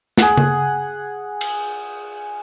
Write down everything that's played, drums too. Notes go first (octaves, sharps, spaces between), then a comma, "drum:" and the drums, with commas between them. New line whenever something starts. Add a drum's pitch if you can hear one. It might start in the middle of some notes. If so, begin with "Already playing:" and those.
G#4 F#5, drum: snare
drum: tom C#3
drum: cymbal